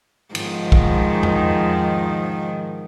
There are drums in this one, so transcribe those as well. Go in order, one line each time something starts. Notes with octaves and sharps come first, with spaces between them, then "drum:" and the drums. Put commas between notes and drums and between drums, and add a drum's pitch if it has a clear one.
G#2 D#3 F3, drum: cymbal
drum: kick B1
drum: tom E2